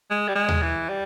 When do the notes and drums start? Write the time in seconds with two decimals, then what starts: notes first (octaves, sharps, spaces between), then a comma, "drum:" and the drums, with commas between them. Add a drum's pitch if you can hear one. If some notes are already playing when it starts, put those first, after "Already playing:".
0.10 G#3
0.28 G3
0.35 G#3
0.48 drum: tom D#2
0.62 E3
0.89 G3